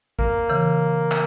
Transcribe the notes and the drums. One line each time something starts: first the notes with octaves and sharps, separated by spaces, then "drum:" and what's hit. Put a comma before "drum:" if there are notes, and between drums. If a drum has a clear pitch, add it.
A#3, drum: kick G#1
C#3 E3
drum: clap